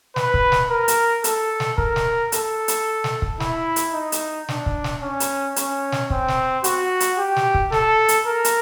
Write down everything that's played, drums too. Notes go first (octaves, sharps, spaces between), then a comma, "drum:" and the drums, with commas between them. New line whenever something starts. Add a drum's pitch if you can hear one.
B4, drum: snare
drum: kick
drum: snare
A#4
drum: hi-hat
A4, drum: hi-hat
drum: snare
A#4, drum: kick
drum: snare
A4, drum: hi-hat
drum: hi-hat
drum: snare
drum: kick
E4, drum: snare
drum: hi-hat
D#4
drum: hi-hat
D4, drum: snare
drum: kick
drum: snare
C#4
drum: hi-hat
C#4, drum: hi-hat
drum: snare
C4, drum: kick
drum: snare
F#4, drum: hi-hat
drum: hi-hat
G4
drum: snare
drum: kick
A4, drum: snare
drum: hi-hat
A#4
drum: hi-hat